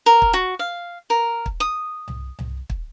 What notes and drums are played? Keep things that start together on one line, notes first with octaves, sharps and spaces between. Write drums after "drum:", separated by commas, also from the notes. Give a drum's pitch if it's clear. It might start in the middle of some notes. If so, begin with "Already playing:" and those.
A#4
drum: kick
F#4
F5
A#4
drum: kick
D#6
drum: tom C2
drum: tom C2
drum: kick